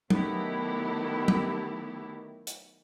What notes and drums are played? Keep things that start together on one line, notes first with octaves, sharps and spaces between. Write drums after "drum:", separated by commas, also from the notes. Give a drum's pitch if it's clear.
D#3 F#3 A3 B3 E4 G4, drum: tom F#3
drum: tom F#3
drum: hi-hat